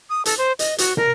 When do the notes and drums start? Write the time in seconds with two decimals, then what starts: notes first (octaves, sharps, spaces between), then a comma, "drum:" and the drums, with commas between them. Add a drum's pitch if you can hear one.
0.10 D#6
0.25 A4, drum: hi-hat
0.38 C5
0.59 D#5, drum: hi-hat
0.78 F#4, drum: hi-hat
0.97 A#4, drum: tom